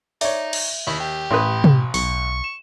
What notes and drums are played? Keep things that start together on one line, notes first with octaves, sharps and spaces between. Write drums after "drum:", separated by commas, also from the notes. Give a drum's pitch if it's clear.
D#4 C#5 D5 E5, drum: open hi-hat
drum: cymbal
D#2 E4
G4
A1 A2 B4 C6 D#6
drum: tom
B1 C#6, drum: open hi-hat
E7